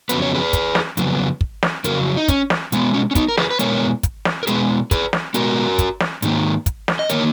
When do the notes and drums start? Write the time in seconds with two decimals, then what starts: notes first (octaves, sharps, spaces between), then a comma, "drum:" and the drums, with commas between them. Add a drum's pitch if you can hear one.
0.09 F2 C#3 F#3 B3 B4, drum: hi-hat
0.22 C#5
0.34 G#4 B4
0.53 drum: kick, hi-hat
0.75 drum: snare
0.97 F2 C#3 F#3 B3, drum: hi-hat
1.41 drum: kick
1.63 drum: snare
1.84 F2 C#3 F#3 A#4, drum: hi-hat
2.17 D#4
2.28 C#4, drum: kick, hi-hat
2.50 drum: snare
2.72 B2 G#3 B3, drum: hi-hat
2.94 C#4
3.11 C#4
3.15 B3 D#4, drum: kick, hi-hat
3.29 A#4
3.37 G#4 B4, drum: snare
3.51 B4
3.59 B2 G#3 B3 A#4 C#5, drum: hi-hat
4.03 drum: kick, hi-hat
4.25 drum: snare
4.43 A#4
4.47 B2 G#3 B3 G#4 B4, drum: hi-hat
4.91 G#4 B4, drum: kick, hi-hat
5.13 drum: snare
5.34 B2 G#3 B3 F#4 A#4, drum: hi-hat
5.79 drum: kick, hi-hat
6.00 drum: snare
6.22 G#2 D#3 A#3, drum: hi-hat
6.66 drum: kick, hi-hat
6.88 drum: snare
6.99 D#5
7.09 D#3 A#3 A#4 C#5, drum: hi-hat